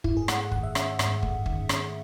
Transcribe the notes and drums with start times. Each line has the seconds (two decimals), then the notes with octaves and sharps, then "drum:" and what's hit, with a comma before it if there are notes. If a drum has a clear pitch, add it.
0.04 G#2 E4, drum: kick
0.17 G#4
0.28 A3 F#5, drum: rim click
0.41 F#5
0.52 D#3 F#5, drum: kick
0.63 E5
0.75 C#4 E5, drum: rim click
0.99 G#2, drum: rim click
1.22 A3, drum: kick
1.46 D#3, drum: kick
1.69 C#4, drum: rim click